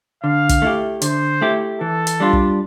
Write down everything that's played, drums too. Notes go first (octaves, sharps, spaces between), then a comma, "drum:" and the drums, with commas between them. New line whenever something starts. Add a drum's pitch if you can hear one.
D3 F5
drum: kick, hi-hat
A3 E4 G4
D3 C5, drum: hi-hat
A3 E4 G4
E3 A4
drum: hi-hat
G3 D4 F4
drum: kick